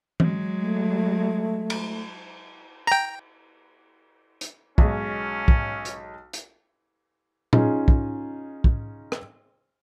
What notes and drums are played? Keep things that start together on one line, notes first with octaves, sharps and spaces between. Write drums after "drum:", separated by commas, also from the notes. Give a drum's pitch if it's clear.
F#3 G#3, drum: tom E3
A3
drum: cymbal
G5 A#5
drum: hi-hat
B1 G#3 C#4, drum: kick
drum: kick
drum: hi-hat
drum: hi-hat
C#4 D#4 F4 G#4, drum: tom A#2
drum: kick
drum: kick
drum: rim click